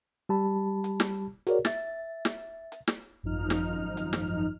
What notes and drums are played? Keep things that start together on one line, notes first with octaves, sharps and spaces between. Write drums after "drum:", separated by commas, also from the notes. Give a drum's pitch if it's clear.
G3 G4 A5 B5
drum: hi-hat
drum: snare
F#4 G#4 A#4 C#5 D5, drum: hi-hat
E5 A6, drum: snare
drum: snare
drum: hi-hat
drum: snare
G#1 F#2 F3 D#4 F6
drum: snare
drum: hi-hat
drum: snare